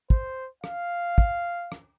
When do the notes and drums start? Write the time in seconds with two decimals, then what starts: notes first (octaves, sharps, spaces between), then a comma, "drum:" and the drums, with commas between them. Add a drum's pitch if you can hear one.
0.10 C5, drum: kick
0.64 F5, drum: rim click
1.18 drum: kick
1.72 drum: rim click